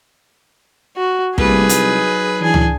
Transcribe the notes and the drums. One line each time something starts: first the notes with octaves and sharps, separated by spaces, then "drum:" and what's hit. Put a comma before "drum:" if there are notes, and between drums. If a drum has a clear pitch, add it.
F#4
C2 G3 A3 A#3 G#4 B4, drum: kick
F#3 D#4, drum: hi-hat
E3 D4 G#4
drum: tom C#2